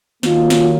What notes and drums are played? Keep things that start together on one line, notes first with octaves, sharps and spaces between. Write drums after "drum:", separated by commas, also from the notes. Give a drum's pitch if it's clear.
D#2 D#3 F#3 A#3 D#4 F4, drum: snare
drum: snare